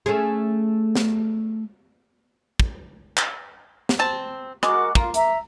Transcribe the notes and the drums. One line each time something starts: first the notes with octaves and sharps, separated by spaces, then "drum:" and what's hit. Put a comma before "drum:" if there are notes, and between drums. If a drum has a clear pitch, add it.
A3 C#4 G#4
drum: snare
drum: kick
drum: clap
drum: snare
C4 A5
G#3 F#4 A#4 D6, drum: rim click
A#3 F4, drum: kick
E5 A#5, drum: hi-hat